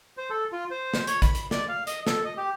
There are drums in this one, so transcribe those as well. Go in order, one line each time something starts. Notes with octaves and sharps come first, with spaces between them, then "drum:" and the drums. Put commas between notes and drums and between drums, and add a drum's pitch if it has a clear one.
C5
A4
F4
C5
drum: snare
C#5, drum: hi-hat
B5, drum: kick A1, hi-hat
drum: hi-hat
D5, drum: snare
F5
D#5, drum: hi-hat
A4, drum: snare
D#5
G4